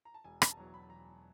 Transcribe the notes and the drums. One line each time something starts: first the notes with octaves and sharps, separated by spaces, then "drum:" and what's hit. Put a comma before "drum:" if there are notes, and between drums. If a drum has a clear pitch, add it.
A#5
A5
E1 G#5
A#5, drum: rim click
A5
E2 B2 F#3 A#5
B5
E1 A#5